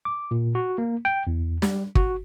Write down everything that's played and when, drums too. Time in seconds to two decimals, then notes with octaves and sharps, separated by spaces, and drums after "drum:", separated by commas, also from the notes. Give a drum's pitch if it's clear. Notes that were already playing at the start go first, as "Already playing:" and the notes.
0.05 D6
0.31 A#2
0.55 F#4
0.78 A#3
1.05 G5
1.27 E2
1.62 G3, drum: snare
1.95 F#4, drum: kick